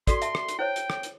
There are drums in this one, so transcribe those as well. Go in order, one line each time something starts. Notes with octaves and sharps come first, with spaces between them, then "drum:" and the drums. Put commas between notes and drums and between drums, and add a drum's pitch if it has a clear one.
F#4 A4 D5 C6, drum: kick, hi-hat
E5 A5, drum: hi-hat
drum: rim click
drum: hi-hat
E4 C5 C#5 G5
drum: hi-hat
drum: rim click
drum: hi-hat